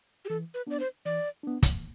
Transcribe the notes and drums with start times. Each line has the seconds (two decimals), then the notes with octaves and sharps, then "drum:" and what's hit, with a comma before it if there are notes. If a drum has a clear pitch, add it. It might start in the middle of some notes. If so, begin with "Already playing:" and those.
0.25 G4
0.29 E3 A4
0.54 B4
0.67 B3 D4 D5
0.80 C5
1.05 E3 D5
1.43 B3 D4
1.63 drum: kick, hi-hat